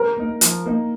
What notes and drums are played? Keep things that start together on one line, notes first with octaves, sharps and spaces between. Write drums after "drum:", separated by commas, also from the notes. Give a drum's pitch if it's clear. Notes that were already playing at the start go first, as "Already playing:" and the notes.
Already playing: A#4
A#3 D#4
F3, drum: hi-hat
A#3 D#4